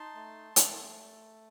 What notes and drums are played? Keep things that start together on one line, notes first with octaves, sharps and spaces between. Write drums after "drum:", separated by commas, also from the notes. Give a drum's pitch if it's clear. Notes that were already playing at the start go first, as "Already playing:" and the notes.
Already playing: D#4 A5 C6
A3
A3, drum: hi-hat